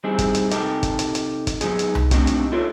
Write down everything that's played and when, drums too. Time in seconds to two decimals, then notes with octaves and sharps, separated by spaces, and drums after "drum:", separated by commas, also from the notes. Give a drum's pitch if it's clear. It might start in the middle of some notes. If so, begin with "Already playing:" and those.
0.04 G3 C4 D#4 E4 G#4
0.18 drum: kick, hi-hat
0.35 drum: hi-hat
0.51 C3 D#4 G4 A4 A#4, drum: hi-hat
0.83 drum: kick, hi-hat
0.99 drum: hi-hat
1.15 drum: hi-hat
1.47 drum: kick, hi-hat
1.61 F#3 G#3 B3 D#4 G#4, drum: hi-hat
1.79 drum: hi-hat
1.95 drum: tom C2
2.11 A3 C4 D4 D#4 F#4 G4, drum: kick, hi-hat
2.27 drum: hi-hat
2.52 E4 F4 A4 C#5 D5